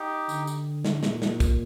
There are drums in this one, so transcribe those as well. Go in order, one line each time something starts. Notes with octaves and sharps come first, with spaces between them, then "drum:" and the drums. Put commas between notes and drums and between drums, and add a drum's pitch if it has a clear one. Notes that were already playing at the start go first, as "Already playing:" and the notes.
Already playing: D#4 G4
D3, drum: tambourine
drum: tambourine
drum: snare
A#2, drum: snare
drum: snare
drum: kick, tambourine